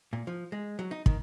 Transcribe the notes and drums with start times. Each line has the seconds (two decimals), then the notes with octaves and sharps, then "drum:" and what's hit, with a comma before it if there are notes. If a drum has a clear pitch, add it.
0.13 A#2
0.27 F3
0.52 G#3
0.79 F#3
0.91 D#4
1.06 D#3, drum: kick